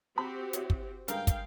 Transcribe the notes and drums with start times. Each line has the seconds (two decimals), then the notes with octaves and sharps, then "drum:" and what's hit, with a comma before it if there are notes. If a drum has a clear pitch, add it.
0.18 C4 F#4 G4 B5
0.53 E4 C#5, drum: hi-hat
0.70 drum: kick
1.08 G2 G#3 A#4 F5 G5, drum: hi-hat
1.27 drum: kick, hi-hat